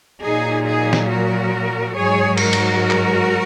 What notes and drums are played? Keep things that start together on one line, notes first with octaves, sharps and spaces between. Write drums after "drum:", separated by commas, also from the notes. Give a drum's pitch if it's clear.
A#2 F#3 D#4 G#4
D#4 G#4
drum: snare
F#4 A#4
G#2 F#3 G#4 C#5
F#4 A#4, drum: cymbal
drum: cymbal
drum: clap